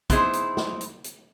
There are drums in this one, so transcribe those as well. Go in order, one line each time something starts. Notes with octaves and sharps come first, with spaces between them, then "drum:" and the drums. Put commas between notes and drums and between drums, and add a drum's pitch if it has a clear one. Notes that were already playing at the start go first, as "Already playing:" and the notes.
B3 C4 D#4 E4 G#4 C5, drum: kick, hi-hat
drum: hi-hat
drum: snare
drum: hi-hat
drum: hi-hat